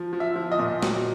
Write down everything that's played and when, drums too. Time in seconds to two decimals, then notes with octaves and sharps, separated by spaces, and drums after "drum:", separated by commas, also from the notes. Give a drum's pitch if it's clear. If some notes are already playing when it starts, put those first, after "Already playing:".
Already playing: F3
0.13 F3
0.20 E5
0.36 F3
0.52 D#5
0.59 A#2
0.83 F#3, drum: snare